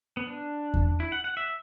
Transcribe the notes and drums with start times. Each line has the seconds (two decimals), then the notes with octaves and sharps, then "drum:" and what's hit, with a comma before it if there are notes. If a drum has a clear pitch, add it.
0.17 B3
0.27 D4
0.74 drum: kick E2
1.00 E4
1.12 F#5
1.24 F#5
1.37 E5